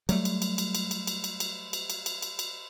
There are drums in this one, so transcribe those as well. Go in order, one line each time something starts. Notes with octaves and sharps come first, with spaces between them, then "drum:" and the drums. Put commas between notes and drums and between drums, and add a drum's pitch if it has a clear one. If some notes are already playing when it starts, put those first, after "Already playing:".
F#3 G3 A3, drum: cymbal
drum: cymbal
drum: cymbal
drum: cymbal
drum: cymbal
drum: cymbal
drum: cymbal
drum: cymbal
drum: cymbal
drum: cymbal
drum: cymbal
drum: cymbal
drum: cymbal
drum: cymbal